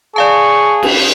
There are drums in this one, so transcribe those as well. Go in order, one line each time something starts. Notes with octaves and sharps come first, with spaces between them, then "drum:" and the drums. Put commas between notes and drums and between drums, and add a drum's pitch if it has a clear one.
G#4 D5 F5 A5 C#6
drum: cymbal